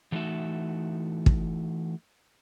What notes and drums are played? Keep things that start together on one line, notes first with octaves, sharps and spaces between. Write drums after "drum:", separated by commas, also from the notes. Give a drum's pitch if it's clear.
E3 F#3 A3 D#4 F#4 E5
drum: kick